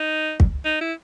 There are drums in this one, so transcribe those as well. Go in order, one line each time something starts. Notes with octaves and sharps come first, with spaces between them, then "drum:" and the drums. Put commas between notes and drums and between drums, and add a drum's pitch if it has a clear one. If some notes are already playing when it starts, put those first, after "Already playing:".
Already playing: D#4
drum: kick
D#4
E4